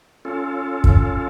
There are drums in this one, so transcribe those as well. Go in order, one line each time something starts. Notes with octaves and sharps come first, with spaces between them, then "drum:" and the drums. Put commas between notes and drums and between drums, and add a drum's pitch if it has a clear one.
C#4 F4 A4
drum: kick